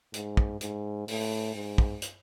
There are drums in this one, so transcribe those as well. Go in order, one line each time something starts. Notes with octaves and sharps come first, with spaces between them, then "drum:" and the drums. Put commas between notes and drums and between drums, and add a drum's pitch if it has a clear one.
G#2, drum: hi-hat
drum: kick
G#2, drum: hi-hat
A2, drum: open hi-hat
G#2
drum: kick
drum: hi-hat